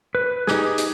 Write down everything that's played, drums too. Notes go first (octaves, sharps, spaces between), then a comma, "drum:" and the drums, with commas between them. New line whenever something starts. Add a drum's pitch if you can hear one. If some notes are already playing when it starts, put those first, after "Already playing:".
B4
D#4 G4 G#4, drum: snare
drum: hi-hat